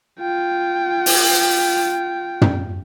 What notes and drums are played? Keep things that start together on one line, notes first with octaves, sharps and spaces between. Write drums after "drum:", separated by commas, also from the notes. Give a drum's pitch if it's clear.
F4 G5
drum: open hi-hat
drum: tom